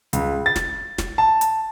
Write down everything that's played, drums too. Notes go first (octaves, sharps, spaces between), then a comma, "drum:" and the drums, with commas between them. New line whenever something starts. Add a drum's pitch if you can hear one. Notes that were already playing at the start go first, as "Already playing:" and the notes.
C#2, drum: hi-hat
A6
drum: snare
drum: snare
A5
drum: hi-hat